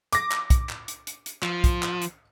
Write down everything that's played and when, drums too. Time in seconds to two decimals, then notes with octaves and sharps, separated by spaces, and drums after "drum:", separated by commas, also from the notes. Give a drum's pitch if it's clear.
0.13 D6 A#6, drum: hi-hat
0.31 drum: clap
0.50 drum: kick, hi-hat
0.69 drum: clap
0.88 drum: hi-hat
1.07 drum: hi-hat
1.26 drum: hi-hat
1.43 F3, drum: clap
1.64 drum: kick, hi-hat
1.83 drum: clap
2.02 drum: hi-hat